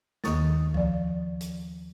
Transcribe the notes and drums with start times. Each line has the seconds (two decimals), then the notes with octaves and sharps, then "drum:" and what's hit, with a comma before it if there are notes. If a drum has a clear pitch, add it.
0.24 D#2 D#3 A#3 C#6 D#6 A6, drum: snare
0.74 F3 D5, drum: kick C#2
1.41 drum: hi-hat